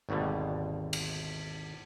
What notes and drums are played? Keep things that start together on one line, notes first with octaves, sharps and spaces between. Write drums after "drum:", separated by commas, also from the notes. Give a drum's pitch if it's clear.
G#1 D#2 B2 D3 G3
drum: cymbal